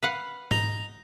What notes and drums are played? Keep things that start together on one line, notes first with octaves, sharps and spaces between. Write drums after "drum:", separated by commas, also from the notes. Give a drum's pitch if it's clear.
B4 F5 F#5
D#4 A#5, drum: tom G#2